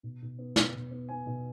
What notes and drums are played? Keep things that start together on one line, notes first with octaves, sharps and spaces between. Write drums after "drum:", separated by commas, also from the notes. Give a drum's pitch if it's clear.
B2
B2
B3
B2, drum: snare
B2
B3
B3 G#5
B2